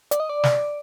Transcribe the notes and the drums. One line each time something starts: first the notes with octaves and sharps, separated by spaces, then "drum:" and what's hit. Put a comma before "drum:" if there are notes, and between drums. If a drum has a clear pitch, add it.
D5, drum: hi-hat
D#5
D5
drum: snare